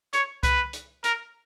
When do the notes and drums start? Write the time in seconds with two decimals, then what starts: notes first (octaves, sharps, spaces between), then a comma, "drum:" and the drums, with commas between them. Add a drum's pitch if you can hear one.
0.13 C#5, drum: hi-hat
0.43 B4, drum: kick C2, hi-hat
0.73 drum: hi-hat
1.04 A#4, drum: hi-hat